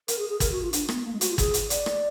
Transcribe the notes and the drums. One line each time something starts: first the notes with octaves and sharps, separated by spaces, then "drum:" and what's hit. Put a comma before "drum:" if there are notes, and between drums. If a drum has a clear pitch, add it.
A#4, drum: hi-hat
G#4
G#4
A#4, drum: kick, hi-hat
F#4
F4
D4, drum: hi-hat
B3, drum: rim click
A#3
G#3
F#4, drum: hi-hat
F4
G#4, drum: kick, hi-hat
drum: hi-hat
D5, drum: hi-hat
drum: rim click